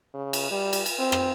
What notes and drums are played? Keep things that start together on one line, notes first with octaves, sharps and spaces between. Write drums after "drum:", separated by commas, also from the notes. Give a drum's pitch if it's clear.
C#3
drum: cymbal
G3
drum: cymbal
drum: cymbal
C4
drum: rim click